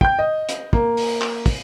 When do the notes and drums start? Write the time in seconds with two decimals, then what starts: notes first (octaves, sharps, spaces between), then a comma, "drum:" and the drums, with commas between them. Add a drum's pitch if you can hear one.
0.01 G5 G6, drum: kick
0.19 D#5
0.49 drum: hi-hat
0.73 A#3, drum: kick
0.97 drum: open hi-hat
1.21 drum: clap
1.46 drum: kick, open hi-hat